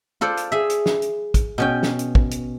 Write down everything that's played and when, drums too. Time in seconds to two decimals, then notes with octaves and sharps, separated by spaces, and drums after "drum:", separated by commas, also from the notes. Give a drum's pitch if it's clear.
0.21 F4 A4 C5 D5
0.37 drum: hi-hat
0.52 G#4 E5
0.70 drum: hi-hat
0.86 drum: snare
1.02 drum: hi-hat
1.34 drum: kick, hi-hat
1.58 B2 C#4 G5
1.83 drum: snare
1.99 drum: hi-hat
2.15 drum: kick
2.31 drum: hi-hat